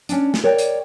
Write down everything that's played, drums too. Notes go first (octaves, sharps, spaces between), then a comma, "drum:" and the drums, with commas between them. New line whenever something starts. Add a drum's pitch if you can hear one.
C#4 D4, drum: hi-hat
drum: snare
A#4 C#5 D5 G5
drum: hi-hat